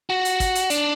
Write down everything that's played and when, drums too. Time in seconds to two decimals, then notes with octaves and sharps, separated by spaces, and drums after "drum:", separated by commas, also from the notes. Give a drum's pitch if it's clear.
0.10 F#4
0.25 drum: hi-hat
0.40 drum: kick, hi-hat
0.55 drum: hi-hat
0.70 D4, drum: hi-hat